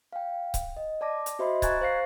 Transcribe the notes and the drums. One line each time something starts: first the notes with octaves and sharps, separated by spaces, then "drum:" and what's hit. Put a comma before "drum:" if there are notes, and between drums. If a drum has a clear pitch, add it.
F5 G5
drum: kick C#1, hi-hat
D#5
D5 A5 D6 A#6
drum: hi-hat
F#4 C5 D#5 E5 B5 C6
G#5 A#5 C#6 F#6 G#6 A6, drum: kick C#1, hi-hat
C5 F5 A#6 C7